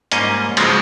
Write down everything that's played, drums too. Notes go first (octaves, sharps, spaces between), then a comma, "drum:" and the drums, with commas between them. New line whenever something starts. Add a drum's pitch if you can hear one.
G#2 G3 A#3 C#4 D#5, drum: hi-hat
C#3 F3 G#3 C4, drum: cymbal